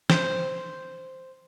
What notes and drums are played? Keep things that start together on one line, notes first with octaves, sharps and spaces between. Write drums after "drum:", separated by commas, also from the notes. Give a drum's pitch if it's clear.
C5, drum: snare